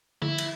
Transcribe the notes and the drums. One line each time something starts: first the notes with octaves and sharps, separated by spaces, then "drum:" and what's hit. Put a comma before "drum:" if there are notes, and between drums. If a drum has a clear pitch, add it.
E4, drum: tom D3
drum: cymbal